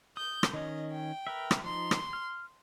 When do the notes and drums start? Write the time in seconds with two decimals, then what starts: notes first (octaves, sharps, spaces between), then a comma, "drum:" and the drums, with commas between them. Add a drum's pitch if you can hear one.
0.17 D#6 G6
0.43 drum: rim click
0.53 D#3 C#4 D#5
0.92 G5
1.27 A#4 B4 E5
1.51 drum: rim click
1.64 F3 D#4 C6
1.91 drum: rim click
2.13 F6